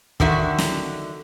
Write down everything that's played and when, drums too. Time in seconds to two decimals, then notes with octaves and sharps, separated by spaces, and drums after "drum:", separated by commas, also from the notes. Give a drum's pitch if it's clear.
0.20 D3 D#3 F#4 E5, drum: kick
0.58 drum: snare